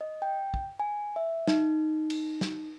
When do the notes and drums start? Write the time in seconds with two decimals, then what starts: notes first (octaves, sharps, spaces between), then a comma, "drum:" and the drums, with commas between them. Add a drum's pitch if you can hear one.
0.01 D#5
0.22 G5
0.54 drum: kick
0.80 G#5
1.16 E5
1.47 D#4, drum: snare
2.10 drum: cymbal
2.41 drum: snare